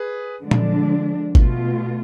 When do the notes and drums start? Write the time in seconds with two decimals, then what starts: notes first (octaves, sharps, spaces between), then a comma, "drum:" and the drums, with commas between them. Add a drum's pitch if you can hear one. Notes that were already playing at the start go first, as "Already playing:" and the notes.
Already playing: G#4 B4
0.42 D3 F3 G#3 D4
0.51 drum: tom A#2
1.35 B2 A3 F4, drum: kick G#1